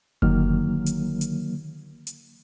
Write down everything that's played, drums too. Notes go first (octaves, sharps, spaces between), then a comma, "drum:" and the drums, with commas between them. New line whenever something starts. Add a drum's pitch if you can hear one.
D3 D#3 F#3 A#3 F6, drum: kick F#1
drum: hi-hat
drum: hi-hat
drum: hi-hat